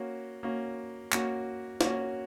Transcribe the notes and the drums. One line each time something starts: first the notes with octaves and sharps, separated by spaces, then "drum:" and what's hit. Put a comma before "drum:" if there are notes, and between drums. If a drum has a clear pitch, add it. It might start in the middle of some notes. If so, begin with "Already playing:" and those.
Already playing: A#3 C#4 F#4
A#3 C#4 F#4
A#3 C#4 F#4, drum: clap
A#3 C#4 F#4, drum: snare